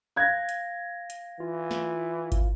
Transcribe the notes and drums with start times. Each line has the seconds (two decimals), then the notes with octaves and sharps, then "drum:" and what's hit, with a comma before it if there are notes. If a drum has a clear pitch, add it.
0.16 F5 F#6 G#6 A#6
0.49 drum: hi-hat
1.10 drum: hi-hat
1.40 E3 F4
1.71 drum: snare
2.32 drum: kick G#1, hi-hat